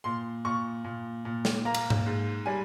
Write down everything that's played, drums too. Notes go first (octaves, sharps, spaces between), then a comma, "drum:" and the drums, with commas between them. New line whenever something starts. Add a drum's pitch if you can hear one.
A#2 C6
A#2 C#6
A#2
A#2
drum: snare
A#3 A#5
drum: cymbal
drum: tom G#2
G#2
G3 G#5